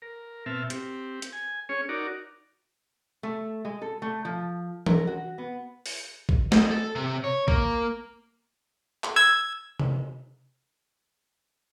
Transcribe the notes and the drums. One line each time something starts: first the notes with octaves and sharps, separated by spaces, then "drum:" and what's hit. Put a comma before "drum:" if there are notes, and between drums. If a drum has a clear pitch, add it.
A#4
B2 C4 E5 A5 F6
C4 G4, drum: hi-hat
drum: hi-hat
G#5
C#4 G#4 C#5
D#4 F#4 A#4 D5
A3
G#3
A4
A3
F3
A#4, drum: tom
F#4
B3
drum: open hi-hat
drum: kick A1
D#5, drum: snare
A4
C3
C#5
A#3, drum: kick A1
drum: clap
E6 G#6
drum: tom C3